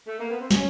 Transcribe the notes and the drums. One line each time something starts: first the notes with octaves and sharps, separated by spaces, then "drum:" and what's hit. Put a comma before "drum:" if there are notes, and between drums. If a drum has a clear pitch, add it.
A3
A#3
B3
C4
C#4, drum: snare